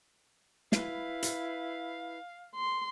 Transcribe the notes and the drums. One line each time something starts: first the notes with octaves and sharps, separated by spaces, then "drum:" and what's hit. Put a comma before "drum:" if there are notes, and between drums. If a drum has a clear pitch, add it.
E4 B4 F5, drum: snare
drum: hi-hat
C6